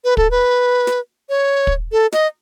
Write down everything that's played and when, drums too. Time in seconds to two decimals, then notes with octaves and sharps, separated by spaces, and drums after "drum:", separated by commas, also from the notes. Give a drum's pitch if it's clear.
0.04 B4
0.17 A4, drum: kick
0.31 B4
0.87 drum: snare
1.29 C#5
1.67 drum: kick
1.92 A4
2.12 D#5, drum: snare